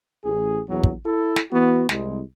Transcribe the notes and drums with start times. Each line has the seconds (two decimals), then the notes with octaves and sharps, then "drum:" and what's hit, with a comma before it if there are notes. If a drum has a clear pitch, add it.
0.25 A1 G#4
0.68 A#1 E2 F#3
0.83 drum: kick
1.05 E4 A4
1.36 drum: snare
1.51 E3 B3 F#4
1.89 C2 G#3, drum: snare